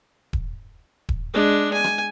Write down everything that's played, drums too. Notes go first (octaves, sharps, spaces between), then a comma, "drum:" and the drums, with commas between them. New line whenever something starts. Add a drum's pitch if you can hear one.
drum: kick D#1
drum: kick D#1
G#3 D4
G#5
drum: rim click